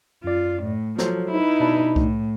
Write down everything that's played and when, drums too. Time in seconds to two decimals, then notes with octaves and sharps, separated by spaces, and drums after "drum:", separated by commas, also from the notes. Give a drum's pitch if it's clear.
0.24 F#2 F4 D5
0.63 A2
0.98 F3 F#3 A4 C5, drum: snare
1.31 D#4 E4 B4
1.60 B2 D4
1.96 A2, drum: kick C2